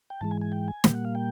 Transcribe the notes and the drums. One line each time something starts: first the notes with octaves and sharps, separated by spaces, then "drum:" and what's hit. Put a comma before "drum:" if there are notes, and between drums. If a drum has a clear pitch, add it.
G5
G#2 E3 G#3 A5
G#5
G#5
G5
G#5
A#2 G3 A#3 G5, drum: snare
F#5
F5
G5